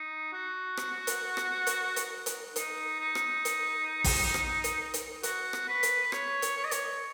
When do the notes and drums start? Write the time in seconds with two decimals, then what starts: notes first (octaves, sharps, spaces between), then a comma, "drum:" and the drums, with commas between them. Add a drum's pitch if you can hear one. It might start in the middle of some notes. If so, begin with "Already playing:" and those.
Already playing: D#4
0.33 F#4
0.77 drum: rim click
1.07 drum: hi-hat
1.37 drum: rim click
1.67 drum: hi-hat
1.96 drum: hi-hat
2.26 drum: hi-hat
2.56 D#4, drum: hi-hat
3.00 D#4
3.15 drum: rim click
3.45 drum: hi-hat
4.04 drum: kick, open hi-hat
4.34 drum: rim click
4.64 drum: hi-hat
4.94 drum: hi-hat
5.23 F#4, drum: hi-hat
5.53 drum: rim click
5.68 B4
5.83 drum: hi-hat
6.03 B4
6.12 C#5, drum: rim click
6.42 drum: hi-hat
6.57 C#5
6.65 D#5
6.71 C#5, drum: hi-hat